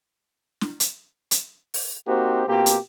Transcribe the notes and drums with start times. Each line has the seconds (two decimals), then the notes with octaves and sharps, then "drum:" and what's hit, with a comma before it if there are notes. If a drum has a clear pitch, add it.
0.61 drum: snare
0.80 drum: hi-hat
1.31 drum: hi-hat
1.74 drum: open hi-hat
2.07 A#3 C4 D#4 F#4 G4 C5
2.48 B2 A#3 C4 F4 G4
2.66 drum: hi-hat